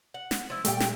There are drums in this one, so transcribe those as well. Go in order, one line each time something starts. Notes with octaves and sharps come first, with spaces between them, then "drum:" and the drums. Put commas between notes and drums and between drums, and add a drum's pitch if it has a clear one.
F#5
drum: snare
F3 E4
A#2 G3 A3 G4 G5, drum: hi-hat
drum: snare